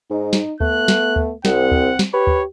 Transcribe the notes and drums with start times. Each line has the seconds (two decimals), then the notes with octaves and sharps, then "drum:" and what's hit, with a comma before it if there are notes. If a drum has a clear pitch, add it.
0.11 G#2 D#4
0.33 drum: snare
0.61 A3 B3 F#6, drum: kick D2
0.88 drum: snare
1.16 drum: kick D2
1.45 C2 C4 F#5, drum: snare
1.72 drum: kick D2
1.99 drum: snare
2.14 G4 B4 C#5
2.27 drum: kick D2